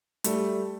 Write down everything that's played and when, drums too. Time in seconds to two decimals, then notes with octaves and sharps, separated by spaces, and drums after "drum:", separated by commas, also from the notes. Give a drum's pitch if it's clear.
0.24 G3 A3, drum: hi-hat